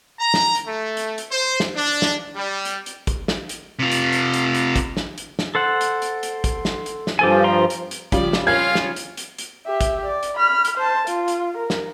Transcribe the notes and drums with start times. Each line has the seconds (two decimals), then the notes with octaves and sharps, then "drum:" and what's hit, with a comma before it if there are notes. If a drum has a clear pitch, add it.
0.19 A#5
0.34 drum: snare
0.55 drum: hi-hat
0.66 A3
0.97 drum: hi-hat
1.18 drum: hi-hat
1.31 C5
1.60 drum: snare
1.75 D4
2.02 drum: snare
2.36 G3
2.65 drum: hi-hat
2.86 drum: hi-hat
3.07 drum: kick, hi-hat
3.28 drum: snare
3.49 drum: hi-hat
3.79 C3 F4
3.91 drum: hi-hat
4.12 drum: hi-hat
4.34 drum: hi-hat
4.55 drum: hi-hat
4.76 drum: kick, hi-hat
4.97 drum: snare
5.18 drum: hi-hat
5.39 drum: snare
5.55 A4 C5 F#5
5.81 drum: hi-hat
6.02 drum: hi-hat
6.23 drum: hi-hat
6.44 drum: kick, hi-hat
6.65 drum: snare
6.86 drum: hi-hat
7.07 drum: snare
7.19 G2 F3 G4 A4 G#5
7.44 G5 A#5 C6
7.70 drum: hi-hat
7.91 drum: hi-hat
8.12 C#3 F3 G3 D5, drum: kick, hi-hat
8.33 drum: snare
8.47 C#4 F4 F5 G#6
8.75 drum: snare
8.96 drum: hi-hat
9.17 drum: hi-hat
9.38 drum: hi-hat
9.66 G4 E5
9.81 drum: kick, hi-hat
10.05 D5
10.23 drum: hi-hat
10.36 B5 F6
10.65 drum: hi-hat
10.77 C5 A5
11.07 F4, drum: hi-hat
11.28 drum: hi-hat
11.57 A#4
11.70 drum: snare